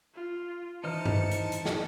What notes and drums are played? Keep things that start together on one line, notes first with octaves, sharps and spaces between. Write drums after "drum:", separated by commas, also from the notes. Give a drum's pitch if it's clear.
F4
E3 D#4 C5 A5 F6 C#7
drum: tom G2
drum: hi-hat
drum: hi-hat
drum: snare